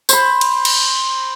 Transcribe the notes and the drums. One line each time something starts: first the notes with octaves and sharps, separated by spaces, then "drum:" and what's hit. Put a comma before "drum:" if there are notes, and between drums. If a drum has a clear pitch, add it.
C5 B5, drum: tambourine
drum: cymbal
drum: cymbal